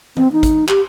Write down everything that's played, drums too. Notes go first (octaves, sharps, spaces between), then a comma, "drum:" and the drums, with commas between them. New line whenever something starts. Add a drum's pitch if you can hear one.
C4, drum: tom E3
D#4
drum: kick, hi-hat
G4, drum: clap